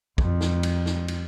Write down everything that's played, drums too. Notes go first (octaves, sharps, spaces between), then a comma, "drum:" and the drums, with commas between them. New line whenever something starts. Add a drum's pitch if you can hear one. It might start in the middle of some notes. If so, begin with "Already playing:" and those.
F2, drum: kick
drum: snare
drum: cymbal
drum: snare
drum: cymbal